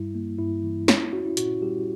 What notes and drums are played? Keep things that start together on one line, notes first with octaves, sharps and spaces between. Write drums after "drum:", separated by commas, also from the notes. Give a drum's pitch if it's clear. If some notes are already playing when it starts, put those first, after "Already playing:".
Already playing: G2 G3 E4
A#3
G2 E4
E3
E4 C#5, drum: snare
C#4 F#4
E4
A#2 F#4, drum: hi-hat
G3 G4